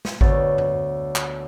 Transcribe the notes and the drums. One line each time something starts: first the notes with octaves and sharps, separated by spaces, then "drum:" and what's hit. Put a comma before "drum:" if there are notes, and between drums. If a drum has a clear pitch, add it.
drum: snare
D2 B3 C#5 A6, drum: kick G#1
drum: tom F#2
drum: clap